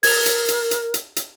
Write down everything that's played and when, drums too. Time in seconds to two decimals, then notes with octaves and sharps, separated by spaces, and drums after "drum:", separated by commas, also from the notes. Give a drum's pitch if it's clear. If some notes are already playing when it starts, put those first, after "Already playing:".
0.03 A#4 G#6 F7, drum: open hi-hat
0.26 drum: hi-hat
0.48 drum: hi-hat
0.71 drum: hi-hat
0.94 drum: hi-hat
1.16 drum: hi-hat